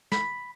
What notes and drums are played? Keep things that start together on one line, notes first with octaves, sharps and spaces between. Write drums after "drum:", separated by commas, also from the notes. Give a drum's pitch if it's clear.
B5, drum: snare